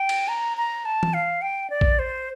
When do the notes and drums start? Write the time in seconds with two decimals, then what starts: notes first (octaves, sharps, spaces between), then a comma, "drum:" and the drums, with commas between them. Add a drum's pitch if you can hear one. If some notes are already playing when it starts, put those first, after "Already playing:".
Already playing: G5
0.09 drum: cymbal
0.28 A#5
0.57 A#5
0.85 A5
1.03 drum: tom E3
1.14 F5
1.42 G5
1.70 D5
1.81 drum: kick A#1
1.99 C5